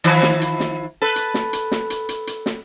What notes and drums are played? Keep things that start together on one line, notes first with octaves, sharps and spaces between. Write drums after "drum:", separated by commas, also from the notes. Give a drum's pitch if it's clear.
D#3 F3 E4, drum: hi-hat
drum: snare
drum: hi-hat
drum: snare
A4 B4
drum: hi-hat
drum: snare
drum: hi-hat
drum: snare
drum: hi-hat
drum: hi-hat
drum: hi-hat
drum: snare